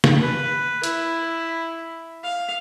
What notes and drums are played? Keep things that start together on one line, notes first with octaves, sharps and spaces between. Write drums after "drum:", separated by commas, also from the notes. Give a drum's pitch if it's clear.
drum: snare
B4
E4, drum: hi-hat
F5